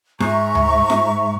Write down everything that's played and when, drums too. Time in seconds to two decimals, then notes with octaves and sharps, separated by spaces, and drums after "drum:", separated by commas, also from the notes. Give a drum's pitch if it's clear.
0.20 G#2 E5 A#5 C#6, drum: snare F4
0.55 drum: tom D2
0.90 drum: snare F4